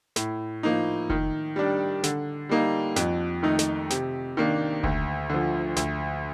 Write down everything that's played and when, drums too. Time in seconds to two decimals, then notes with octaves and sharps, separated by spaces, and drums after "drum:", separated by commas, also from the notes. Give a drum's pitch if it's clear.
0.16 A2, drum: snare
0.63 F3 A#3 D#4
1.10 D#3, drum: kick F1
1.56 G3 D4
2.04 D3, drum: snare
2.49 G3 A#3 D#4
2.96 F2, drum: snare
3.43 D#3 A3 D#4
3.59 drum: snare
3.90 C3, drum: snare
4.37 D#3 A#3 D4
4.83 D2, drum: kick F1
5.29 D3 F3
5.76 D2, drum: snare